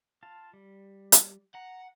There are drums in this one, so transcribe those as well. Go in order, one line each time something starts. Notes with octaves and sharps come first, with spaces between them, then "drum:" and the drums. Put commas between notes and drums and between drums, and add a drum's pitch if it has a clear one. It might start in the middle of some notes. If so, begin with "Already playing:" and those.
F4 F5 A5
G3
drum: hi-hat
F#5 A#5